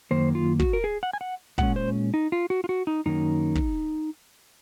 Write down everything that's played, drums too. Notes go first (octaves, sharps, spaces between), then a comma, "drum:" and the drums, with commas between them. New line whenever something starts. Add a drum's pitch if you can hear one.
F#2 D#3 A#3 C5
F4
F#4, drum: kick
A#4
G#4
F#5
G#5
F#5
A#2 G#3 C#4 F#5, drum: kick
C5
D#4
F4
F#4
F4
F#4
D#4
F#2 D#3 A#3 C#4 D#4
drum: kick